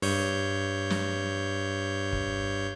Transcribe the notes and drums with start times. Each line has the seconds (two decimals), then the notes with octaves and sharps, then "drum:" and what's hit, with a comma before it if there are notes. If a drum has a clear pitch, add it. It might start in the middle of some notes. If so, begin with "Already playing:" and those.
0.02 G2 C#5 G6, drum: open hi-hat
0.90 drum: snare
2.13 drum: kick F#1